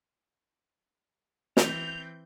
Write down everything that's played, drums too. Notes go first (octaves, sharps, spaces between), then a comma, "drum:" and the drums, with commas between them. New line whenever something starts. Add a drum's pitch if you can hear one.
E3 C4 G6 F7, drum: snare